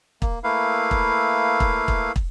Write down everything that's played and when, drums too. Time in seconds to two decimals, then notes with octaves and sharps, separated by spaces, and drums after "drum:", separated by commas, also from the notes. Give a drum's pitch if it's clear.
0.22 A#3, drum: kick
0.44 A3 A#3 E4 B4 F5
0.91 drum: kick
1.60 drum: kick
1.88 drum: kick
2.16 drum: kick